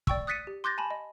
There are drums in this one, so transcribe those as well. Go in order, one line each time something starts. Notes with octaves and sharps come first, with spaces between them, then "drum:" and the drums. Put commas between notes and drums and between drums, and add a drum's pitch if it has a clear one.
D5 G5 C#6 E6, drum: kick
D#6 F#6 A6 B6 C#7 D#7
G4
C6 D6 F#6 G6 A6 A#6
G#5 A5 B5
D#5